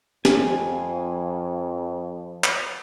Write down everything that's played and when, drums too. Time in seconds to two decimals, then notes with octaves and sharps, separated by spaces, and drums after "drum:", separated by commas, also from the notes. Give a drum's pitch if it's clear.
0.25 F2 F3 G#5, drum: snare
2.44 drum: clap